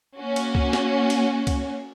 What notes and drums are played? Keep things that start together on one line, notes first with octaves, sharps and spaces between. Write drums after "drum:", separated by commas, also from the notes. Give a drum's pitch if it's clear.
A#3 C#4 F#4
drum: cymbal
drum: kick C#2
drum: snare
drum: cymbal
drum: kick C#2, cymbal